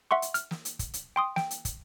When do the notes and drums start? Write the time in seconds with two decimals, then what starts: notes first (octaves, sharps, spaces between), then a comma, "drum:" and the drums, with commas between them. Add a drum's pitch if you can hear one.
0.11 E5 F#5 C6 C#6
0.22 drum: hi-hat
0.34 F6, drum: hi-hat
0.51 drum: snare
0.65 drum: hi-hat
0.79 drum: kick, hi-hat
0.94 drum: hi-hat
1.16 G5 C6 D#6
1.36 G5, drum: snare
1.51 drum: hi-hat
1.65 drum: kick, hi-hat